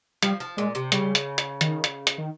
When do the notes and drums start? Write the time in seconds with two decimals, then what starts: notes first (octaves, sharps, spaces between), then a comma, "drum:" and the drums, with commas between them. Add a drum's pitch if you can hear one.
0.23 F3 G3, drum: hi-hat
0.40 F3
0.57 A#2 G#3
0.75 C3
0.92 C#3 G3, drum: hi-hat
1.15 drum: hi-hat
1.38 drum: hi-hat
1.61 D#3, drum: hi-hat
1.84 drum: hi-hat
2.07 drum: hi-hat
2.18 D#3